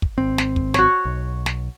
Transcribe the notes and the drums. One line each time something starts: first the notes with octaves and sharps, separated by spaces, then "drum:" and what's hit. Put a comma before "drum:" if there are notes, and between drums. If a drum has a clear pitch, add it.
drum: kick
G#1 C4
drum: snare
drum: kick
F#4 C#5, drum: snare
B1
drum: snare